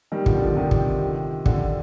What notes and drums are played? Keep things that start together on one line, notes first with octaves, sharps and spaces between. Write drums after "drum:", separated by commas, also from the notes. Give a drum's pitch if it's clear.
D#3 G3
D3 F3, drum: kick
D3 F3
C3 D#3
drum: kick
D3 F3, drum: kick